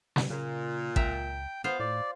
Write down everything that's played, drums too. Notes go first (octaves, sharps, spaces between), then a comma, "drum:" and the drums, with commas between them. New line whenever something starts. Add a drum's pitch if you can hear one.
drum: snare
A#2 C#3
C#2 E5 G5 A#5, drum: kick A1
B3 F4 C5 F5
A2 D5